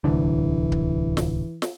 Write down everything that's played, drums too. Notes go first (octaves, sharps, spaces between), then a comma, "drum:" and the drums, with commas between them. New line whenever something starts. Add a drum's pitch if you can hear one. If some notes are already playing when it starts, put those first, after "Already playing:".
D1 C2 D3 E3
drum: kick C#1
drum: snare
drum: snare